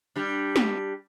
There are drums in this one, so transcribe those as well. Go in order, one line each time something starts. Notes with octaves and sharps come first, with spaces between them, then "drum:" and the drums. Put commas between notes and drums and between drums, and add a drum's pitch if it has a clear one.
G3 D4
drum: snare